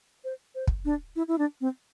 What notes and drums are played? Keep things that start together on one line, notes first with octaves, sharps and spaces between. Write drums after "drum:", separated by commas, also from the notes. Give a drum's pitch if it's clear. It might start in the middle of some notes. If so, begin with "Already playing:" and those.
C5
C5
drum: kick
D4
E4
E4
D4
C4